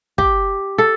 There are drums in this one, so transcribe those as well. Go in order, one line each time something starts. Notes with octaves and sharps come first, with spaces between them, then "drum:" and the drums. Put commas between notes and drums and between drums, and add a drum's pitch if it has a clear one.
G4, drum: kick
A4